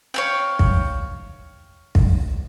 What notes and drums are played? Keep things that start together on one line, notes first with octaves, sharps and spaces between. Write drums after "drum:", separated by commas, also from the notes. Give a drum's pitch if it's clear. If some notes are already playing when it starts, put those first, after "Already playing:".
C#5 F5 G5
drum: kick
drum: kick